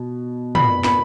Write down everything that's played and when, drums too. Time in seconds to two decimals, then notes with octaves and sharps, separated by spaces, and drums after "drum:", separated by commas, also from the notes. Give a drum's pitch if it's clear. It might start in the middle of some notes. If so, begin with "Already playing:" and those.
Already playing: B2
0.55 B5, drum: tom
0.84 B5, drum: snare